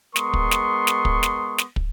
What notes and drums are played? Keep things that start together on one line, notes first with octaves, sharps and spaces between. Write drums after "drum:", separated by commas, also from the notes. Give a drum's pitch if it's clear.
G#3 B3 A#4 C6 C#6 D#6, drum: snare
drum: kick
drum: snare
drum: snare
drum: kick
drum: snare
drum: snare
drum: kick